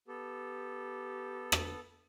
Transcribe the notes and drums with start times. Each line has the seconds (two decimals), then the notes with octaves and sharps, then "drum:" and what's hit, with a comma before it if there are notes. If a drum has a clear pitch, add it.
0.08 B3 G4 A4
1.52 drum: rim click